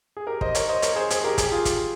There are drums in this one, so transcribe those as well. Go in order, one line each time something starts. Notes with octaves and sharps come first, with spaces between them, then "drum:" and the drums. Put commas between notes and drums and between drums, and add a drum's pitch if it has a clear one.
G#4
G4 A#4
C5 D#5, drum: kick
A#4 C#5, drum: hi-hat
C5 D#5
A#4 C#5, drum: hi-hat
G#4 C5
G#4 C5, drum: hi-hat
G4 A#4
G#4, drum: kick, hi-hat
G4
F4 G#4
drum: kick, hi-hat